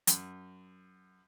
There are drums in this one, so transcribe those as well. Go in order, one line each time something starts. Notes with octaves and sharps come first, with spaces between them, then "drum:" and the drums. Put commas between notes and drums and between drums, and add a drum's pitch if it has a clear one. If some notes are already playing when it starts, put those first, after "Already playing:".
F#2, drum: hi-hat